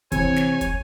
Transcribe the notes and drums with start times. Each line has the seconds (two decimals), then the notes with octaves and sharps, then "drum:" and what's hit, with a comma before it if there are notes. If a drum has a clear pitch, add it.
0.12 C3 E3 C#5 G#5, drum: kick, hi-hat
0.36 drum: snare
0.61 drum: kick, hi-hat